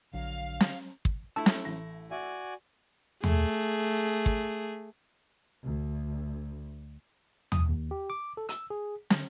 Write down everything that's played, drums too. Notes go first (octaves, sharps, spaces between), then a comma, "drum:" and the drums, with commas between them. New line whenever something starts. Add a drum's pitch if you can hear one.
A#1 D3 F#3 F5
drum: snare
drum: kick
A3 D4 E4 A5 E6
drum: snare
A1 A#6
F#4 D5 E5 G#5
A3 G#4, drum: tom
drum: kick
D2
D#6, drum: tom
D#2
G4
D6
A4
E6, drum: hi-hat
G#4
D3, drum: snare